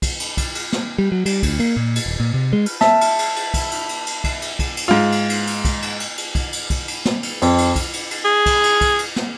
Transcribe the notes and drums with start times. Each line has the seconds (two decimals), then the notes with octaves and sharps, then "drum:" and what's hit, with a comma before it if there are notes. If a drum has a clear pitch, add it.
0.02 drum: kick, cymbal
0.20 drum: cymbal
0.37 drum: kick, cymbal
0.55 drum: cymbal
0.73 drum: snare
0.98 G3
1.12 F#3
1.26 G3, drum: cymbal
1.43 D2, drum: kick, cymbal
1.60 A#3, drum: cymbal
1.77 A#2
1.96 drum: cymbal
2.06 D#1
2.20 A#2
2.34 C3
2.53 G#3
2.66 drum: cymbal
2.81 E5 A5, drum: snare
3.01 drum: cymbal
3.19 drum: cymbal
3.36 drum: cymbal
3.54 drum: kick, cymbal
3.71 drum: cymbal
3.89 drum: cymbal
4.06 drum: cymbal
4.24 drum: kick, cymbal
4.42 drum: cymbal
4.59 drum: kick, cymbal
4.77 drum: cymbal
4.88 G#2 F4
5.12 drum: cymbal
5.30 drum: cymbal
5.47 drum: cymbal
5.65 drum: kick, cymbal
5.82 drum: cymbal
6.00 drum: cymbal
6.17 drum: cymbal
6.35 drum: kick, cymbal
6.53 drum: cymbal
6.70 drum: kick, cymbal
6.88 drum: cymbal
7.05 drum: snare
7.23 drum: cymbal
7.42 F2, drum: cymbal
7.58 drum: cymbal
7.76 drum: kick, cymbal
7.93 drum: cymbal
8.11 drum: cymbal
8.25 G#4
8.46 drum: kick, cymbal
8.64 drum: cymbal
8.81 drum: kick, cymbal
8.99 drum: cymbal
9.16 drum: snare